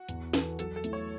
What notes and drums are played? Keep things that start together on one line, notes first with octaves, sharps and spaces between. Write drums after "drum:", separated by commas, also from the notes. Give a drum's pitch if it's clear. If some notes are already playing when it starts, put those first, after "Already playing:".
Already playing: F#4
E2, drum: hi-hat
E3 B3 A4, drum: snare
F#3 A4, drum: hi-hat
A4
A3 E4, drum: hi-hat
C#5